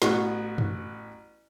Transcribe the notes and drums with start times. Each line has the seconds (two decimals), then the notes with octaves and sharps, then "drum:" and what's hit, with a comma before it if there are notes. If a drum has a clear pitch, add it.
0.02 A1 B3 F#4 C#6, drum: snare
0.58 drum: tom F#2